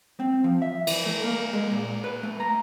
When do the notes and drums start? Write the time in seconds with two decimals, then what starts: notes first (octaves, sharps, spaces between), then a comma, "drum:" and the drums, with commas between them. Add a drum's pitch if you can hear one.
0.20 C4
0.44 F3
0.62 E5
0.87 E3, drum: cymbal
1.06 A3
1.23 A#3
1.53 G#3
1.72 A#2
2.04 B4
2.23 A3
2.40 A#5